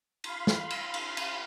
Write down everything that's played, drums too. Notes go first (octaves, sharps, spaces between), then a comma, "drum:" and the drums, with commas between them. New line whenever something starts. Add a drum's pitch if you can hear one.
F5 B5 C6, drum: cymbal
drum: snare
drum: cymbal
drum: cymbal
drum: cymbal